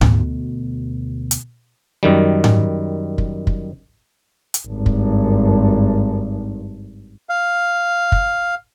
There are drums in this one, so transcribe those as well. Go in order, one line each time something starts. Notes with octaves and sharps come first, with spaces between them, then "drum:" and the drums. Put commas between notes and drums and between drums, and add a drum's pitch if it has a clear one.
D2 B2, drum: tom G#2
drum: hi-hat
F#2 D#3 G3
drum: tom G#2
drum: kick
drum: kick
drum: hi-hat
G#1 G2
drum: kick
F5
drum: kick